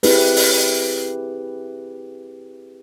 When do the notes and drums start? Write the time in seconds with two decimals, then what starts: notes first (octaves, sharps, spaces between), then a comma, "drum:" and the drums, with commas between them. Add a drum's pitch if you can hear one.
0.03 C4 E4 G4 G#4 B4, drum: open hi-hat
0.36 drum: open hi-hat